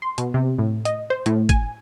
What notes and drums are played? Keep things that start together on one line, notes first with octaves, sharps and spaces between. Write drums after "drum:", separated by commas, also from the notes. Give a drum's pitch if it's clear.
C6
B2, drum: hi-hat
C3
A2
D#5, drum: hi-hat
C5
A2, drum: hi-hat
G#5, drum: kick, hi-hat